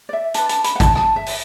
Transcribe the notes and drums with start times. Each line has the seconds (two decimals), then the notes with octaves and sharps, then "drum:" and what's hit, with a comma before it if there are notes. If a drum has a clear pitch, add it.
0.09 D5
0.13 E5
0.34 D4 B4 A5, drum: hi-hat
0.49 A5, drum: hi-hat
0.64 B5, drum: hi-hat
0.75 F#5
0.80 A5, drum: kick G#1, hi-hat
0.95 A5, drum: rim click
1.16 E5
1.26 drum: open hi-hat